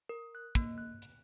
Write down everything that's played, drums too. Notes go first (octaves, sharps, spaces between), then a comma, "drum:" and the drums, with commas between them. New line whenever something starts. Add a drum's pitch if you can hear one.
A#4
F#6
A#3, drum: kick, hi-hat
F#6
drum: hi-hat